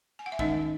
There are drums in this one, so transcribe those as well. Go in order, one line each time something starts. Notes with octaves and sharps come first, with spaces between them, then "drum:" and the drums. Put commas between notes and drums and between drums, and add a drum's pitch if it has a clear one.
G#5
F#5
E5
D#3 G#3 C#4 D#4 D#5, drum: kick